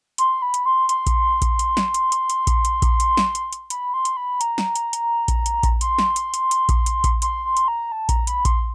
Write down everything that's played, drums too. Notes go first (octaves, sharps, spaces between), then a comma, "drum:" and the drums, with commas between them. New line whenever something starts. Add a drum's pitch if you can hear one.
C6, drum: hi-hat
B5
drum: hi-hat
C6
C6, drum: hi-hat
drum: kick A#1, hi-hat
drum: kick A#1, hi-hat
drum: hi-hat
drum: snare
drum: hi-hat
drum: hi-hat
drum: hi-hat
drum: kick A#1, hi-hat
drum: hi-hat
drum: kick A#1, hi-hat
drum: hi-hat
drum: snare
drum: hi-hat
drum: hi-hat
B5, drum: hi-hat
C6
drum: hi-hat
B5
A#5, drum: hi-hat
drum: snare
drum: hi-hat
drum: hi-hat
drum: kick A#1, hi-hat
drum: hi-hat
drum: kick A#1, hi-hat
C6, drum: hi-hat
drum: snare
drum: hi-hat
drum: hi-hat
drum: hi-hat
drum: kick A#1, hi-hat
drum: hi-hat
drum: kick A#1, hi-hat
C6, drum: hi-hat
C6
drum: hi-hat
A#5
A5
A#5, drum: kick A#1, hi-hat
B5, drum: hi-hat
C6, drum: kick A#1, hi-hat